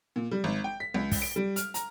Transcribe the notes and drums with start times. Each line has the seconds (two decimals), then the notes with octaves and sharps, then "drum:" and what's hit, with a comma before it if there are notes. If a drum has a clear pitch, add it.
0.16 A#2
0.31 G3
0.44 G#1
0.64 G5
0.80 B6
0.94 C#2
1.11 drum: kick, open hi-hat
1.22 D7
1.36 G3
1.56 F6, drum: hi-hat
1.74 A#5, drum: hi-hat